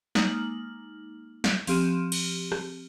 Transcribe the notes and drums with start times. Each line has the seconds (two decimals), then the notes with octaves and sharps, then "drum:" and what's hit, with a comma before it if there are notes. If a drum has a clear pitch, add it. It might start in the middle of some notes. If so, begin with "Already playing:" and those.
0.15 G#3 A#3 D#4 F6 F#7, drum: snare
1.44 drum: snare
1.67 F3 C4 G4 F6 D#7 E7, drum: open hi-hat
2.12 drum: cymbal
2.52 drum: rim click